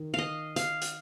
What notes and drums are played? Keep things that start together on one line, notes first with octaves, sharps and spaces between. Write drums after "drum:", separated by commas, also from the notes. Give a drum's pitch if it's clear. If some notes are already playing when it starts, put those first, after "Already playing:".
Already playing: D#3
D#5 F5
F5, drum: hi-hat
drum: hi-hat